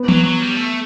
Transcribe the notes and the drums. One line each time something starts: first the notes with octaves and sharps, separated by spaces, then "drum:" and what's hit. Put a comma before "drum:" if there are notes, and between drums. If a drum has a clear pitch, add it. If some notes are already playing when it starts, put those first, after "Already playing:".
Already playing: B3
F#3, drum: tom
F#3
G3
A3